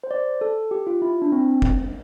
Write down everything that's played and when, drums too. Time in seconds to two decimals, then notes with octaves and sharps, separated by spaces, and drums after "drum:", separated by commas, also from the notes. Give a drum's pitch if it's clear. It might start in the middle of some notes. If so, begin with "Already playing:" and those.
0.04 C5
0.11 D5
0.41 A4
0.71 G4
0.87 F4
1.02 E4
1.22 D4
1.32 C4
1.62 drum: kick F1